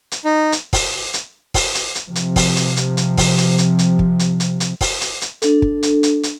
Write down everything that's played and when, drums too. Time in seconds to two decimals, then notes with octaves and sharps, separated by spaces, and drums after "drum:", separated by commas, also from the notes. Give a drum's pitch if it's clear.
0.12 drum: hi-hat
0.25 D#4
0.52 drum: hi-hat
0.73 drum: kick, open hi-hat
1.13 drum: hi-hat
1.54 drum: kick, open hi-hat
1.75 drum: hi-hat
1.95 drum: hi-hat
2.06 C3 F3
2.15 drum: hi-hat
2.36 drum: kick, open hi-hat
2.56 drum: hi-hat
2.77 drum: hi-hat
2.97 drum: hi-hat
3.17 drum: kick, open hi-hat
3.38 drum: hi-hat
3.58 drum: hi-hat
3.79 drum: hi-hat
3.99 drum: kick
4.19 drum: hi-hat
4.40 drum: hi-hat
4.60 drum: hi-hat
4.81 drum: kick, open hi-hat
5.01 drum: hi-hat
5.21 drum: hi-hat
5.42 D4 A4, drum: hi-hat
5.62 drum: kick
5.83 drum: hi-hat
6.03 drum: hi-hat
6.23 drum: hi-hat